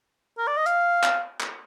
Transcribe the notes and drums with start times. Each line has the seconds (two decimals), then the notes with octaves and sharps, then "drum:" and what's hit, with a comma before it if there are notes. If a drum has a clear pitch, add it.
0.38 A#4
0.48 D5
0.57 D#5
0.66 F5, drum: hi-hat
1.03 drum: clap
1.40 drum: clap